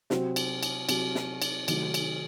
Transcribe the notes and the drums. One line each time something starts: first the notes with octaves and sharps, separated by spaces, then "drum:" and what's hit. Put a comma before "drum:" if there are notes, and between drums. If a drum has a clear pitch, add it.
C3 F#3 C4 F#4, drum: snare
drum: cymbal
drum: cymbal
C3 F#3 C4 F#4, drum: cymbal
drum: snare
drum: cymbal
C3 D#3 F#3 A3 D#4, drum: cymbal
drum: cymbal